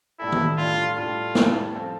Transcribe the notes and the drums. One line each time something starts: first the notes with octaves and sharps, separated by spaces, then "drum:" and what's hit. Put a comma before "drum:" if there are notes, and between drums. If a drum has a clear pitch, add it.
A2 G3 D4 E4 A4
drum: tom D#3
A2 G3 D4 F4 A4
A2 G3 D4 F4 A4
A2 G3 D4 A4, drum: snare
F3 C4 F4 A4